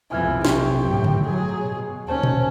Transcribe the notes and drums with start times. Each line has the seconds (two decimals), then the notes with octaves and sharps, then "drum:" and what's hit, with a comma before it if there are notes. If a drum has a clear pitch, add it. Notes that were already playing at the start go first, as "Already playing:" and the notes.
0.11 B1 F2 C3 E3 G#5 F6 G#6
0.45 G4 C6 C#6, drum: snare
0.84 G1 F#2 A2
1.04 drum: tom C#3
1.26 A2 F#3 G#4
1.60 B2
2.09 D#2 C#4 C5 A5
2.23 drum: tom A#2